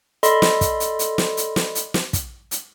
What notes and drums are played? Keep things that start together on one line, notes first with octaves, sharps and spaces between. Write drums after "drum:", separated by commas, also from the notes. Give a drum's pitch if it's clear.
A4 D5 D#5 B5 C6, drum: hi-hat
drum: snare
drum: kick, hi-hat
drum: hi-hat
drum: hi-hat
drum: snare
drum: hi-hat
drum: snare
drum: hi-hat
drum: snare
drum: kick, hi-hat
drum: hi-hat